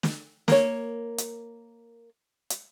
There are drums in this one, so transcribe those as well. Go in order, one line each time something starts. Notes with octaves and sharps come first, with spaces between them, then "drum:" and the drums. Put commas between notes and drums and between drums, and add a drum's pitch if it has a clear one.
drum: snare
A#3 C#5, drum: snare
drum: hi-hat
drum: hi-hat